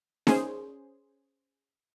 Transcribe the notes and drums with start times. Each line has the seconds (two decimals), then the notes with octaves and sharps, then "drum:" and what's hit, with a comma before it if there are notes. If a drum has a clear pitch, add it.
0.27 C#4 G#4 C5, drum: snare D#4